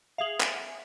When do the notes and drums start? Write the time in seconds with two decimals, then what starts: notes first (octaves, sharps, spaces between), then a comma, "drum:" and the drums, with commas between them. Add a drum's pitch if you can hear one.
0.18 G#4 E5 F5 F7 F#7
0.40 G5 G#5 D7, drum: clap